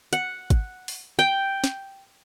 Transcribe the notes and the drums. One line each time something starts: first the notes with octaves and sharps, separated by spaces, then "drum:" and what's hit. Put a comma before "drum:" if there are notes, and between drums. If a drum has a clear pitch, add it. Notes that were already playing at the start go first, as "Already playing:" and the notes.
F#5, drum: hi-hat
drum: kick, hi-hat
drum: open hi-hat
G5
drum: snare